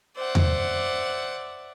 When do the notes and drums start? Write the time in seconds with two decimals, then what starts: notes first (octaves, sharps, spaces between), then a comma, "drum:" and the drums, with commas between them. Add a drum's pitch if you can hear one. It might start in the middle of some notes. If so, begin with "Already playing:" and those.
0.17 C5 D5 E5 F#5
0.35 drum: tom E2